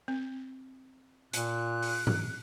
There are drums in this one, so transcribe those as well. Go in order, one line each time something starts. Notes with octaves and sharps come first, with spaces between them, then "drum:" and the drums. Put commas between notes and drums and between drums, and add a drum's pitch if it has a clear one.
C4
A#2 F#6, drum: hi-hat
drum: open hi-hat
drum: tom G#2